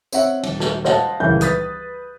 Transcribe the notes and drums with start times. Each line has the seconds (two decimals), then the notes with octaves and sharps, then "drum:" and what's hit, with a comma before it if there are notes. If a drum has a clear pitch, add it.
0.12 C4 C#5 E5 F#5, drum: tambourine
0.43 D#1, drum: cymbal
0.60 drum: snare
0.85 C5 D#5 F5 F#5 A5, drum: snare
1.20 D#1 C#2 E3 A#4 G6
1.41 B4 D#6 A6 B6, drum: hi-hat